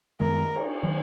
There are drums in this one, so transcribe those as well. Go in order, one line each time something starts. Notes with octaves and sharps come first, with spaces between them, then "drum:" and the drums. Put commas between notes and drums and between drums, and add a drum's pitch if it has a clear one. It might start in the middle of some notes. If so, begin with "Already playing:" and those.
F#2 D#3 G#3 B3 A#4
drum: cymbal
D#3 F#3